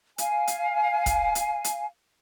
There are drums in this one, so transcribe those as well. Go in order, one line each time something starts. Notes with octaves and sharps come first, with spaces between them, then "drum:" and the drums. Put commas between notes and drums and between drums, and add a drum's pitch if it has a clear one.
F5 G#5, drum: hi-hat
drum: hi-hat
drum: kick, hi-hat
drum: hi-hat
drum: hi-hat